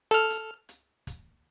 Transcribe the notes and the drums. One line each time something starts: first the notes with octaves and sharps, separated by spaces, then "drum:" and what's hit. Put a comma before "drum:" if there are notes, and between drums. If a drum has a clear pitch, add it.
A4 F6
drum: hi-hat
drum: hi-hat
drum: kick, hi-hat